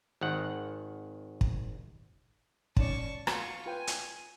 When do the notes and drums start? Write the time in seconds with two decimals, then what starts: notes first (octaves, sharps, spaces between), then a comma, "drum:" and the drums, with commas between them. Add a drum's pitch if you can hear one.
0.21 G#1 D#3 F#5
1.41 drum: kick
2.77 C#4 D#4 D5 A5 C#6, drum: kick
3.27 F4 F#4 C#6, drum: rim click
3.66 F4 B4 G5 G#5
3.87 drum: hi-hat